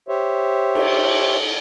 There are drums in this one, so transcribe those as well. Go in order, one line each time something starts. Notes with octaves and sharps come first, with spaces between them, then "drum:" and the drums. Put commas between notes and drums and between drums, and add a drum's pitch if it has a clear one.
G4 C5 C#5 E5
drum: cymbal